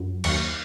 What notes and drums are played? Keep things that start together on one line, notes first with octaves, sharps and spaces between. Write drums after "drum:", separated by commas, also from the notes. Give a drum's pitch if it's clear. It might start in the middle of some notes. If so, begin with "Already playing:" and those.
Already playing: F#2
D#2 C#6, drum: cymbal